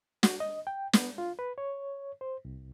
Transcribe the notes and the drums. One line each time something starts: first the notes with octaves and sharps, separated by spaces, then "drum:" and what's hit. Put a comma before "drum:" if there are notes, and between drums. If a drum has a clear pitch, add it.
F#4, drum: snare
D#5
G5
B3, drum: snare
F4
B4
C#5
C5
C2